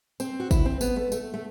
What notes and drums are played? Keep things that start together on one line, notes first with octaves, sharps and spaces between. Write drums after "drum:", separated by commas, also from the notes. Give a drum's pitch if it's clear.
C4, drum: tambourine
F#4
E4, drum: kick, tambourine
C4
B3, drum: tambourine
A3
A3, drum: tambourine
A3